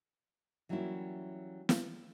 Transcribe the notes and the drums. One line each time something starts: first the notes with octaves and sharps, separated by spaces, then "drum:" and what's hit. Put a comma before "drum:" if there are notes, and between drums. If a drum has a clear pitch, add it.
E3 F#3 G3 A#3 C#4 E4
drum: snare